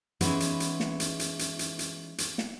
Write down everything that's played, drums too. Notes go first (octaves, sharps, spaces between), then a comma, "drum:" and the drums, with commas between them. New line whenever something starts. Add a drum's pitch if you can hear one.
E3 G#3 B3 C#4 D#4 E4, drum: hi-hat
drum: hi-hat
drum: hi-hat
drum: snare
drum: hi-hat
drum: hi-hat
drum: hi-hat
drum: hi-hat
drum: hi-hat
drum: hi-hat
drum: snare